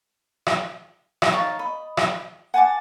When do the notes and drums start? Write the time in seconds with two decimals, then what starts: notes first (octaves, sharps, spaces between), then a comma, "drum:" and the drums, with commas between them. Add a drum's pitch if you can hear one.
0.47 drum: rim click
1.22 drum: rim click
1.32 D#4 C#5 F5 A5
1.59 D#5 B5
1.97 drum: rim click
2.54 F#5 G#5 A5 D6